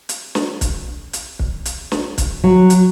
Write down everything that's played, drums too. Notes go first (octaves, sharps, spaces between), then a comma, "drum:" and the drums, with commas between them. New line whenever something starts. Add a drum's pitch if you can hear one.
drum: hi-hat
drum: snare
drum: kick, hi-hat
drum: hi-hat
drum: kick
drum: hi-hat
drum: snare
drum: kick, hi-hat
F#3
drum: hi-hat